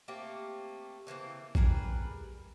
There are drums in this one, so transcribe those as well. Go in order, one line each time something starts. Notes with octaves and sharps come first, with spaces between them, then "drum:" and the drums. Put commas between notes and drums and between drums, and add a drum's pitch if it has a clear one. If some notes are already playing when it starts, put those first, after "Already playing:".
A3 A#3 C4 G4
C#3 E3 A#3 C4
G3 G#4 A#4 B4, drum: kick A#1